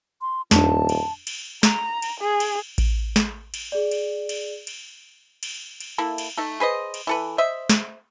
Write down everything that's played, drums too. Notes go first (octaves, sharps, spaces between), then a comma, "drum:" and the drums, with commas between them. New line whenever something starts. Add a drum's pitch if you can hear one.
C6
D#1 F2 D4 A5, drum: snare
drum: cymbal
drum: cymbal
A#5, drum: snare
drum: cymbal
G#4
drum: cymbal
drum: kick A1, cymbal
drum: snare
drum: cymbal
G#4 D5
drum: cymbal
drum: cymbal
drum: cymbal
drum: cymbal
drum: cymbal
A#3 E4 A4
drum: cymbal
A3 D#4 A4
G#4 B4 C5 D#5
drum: cymbal
E3 A4 B4
C5 D#5 E5
drum: snare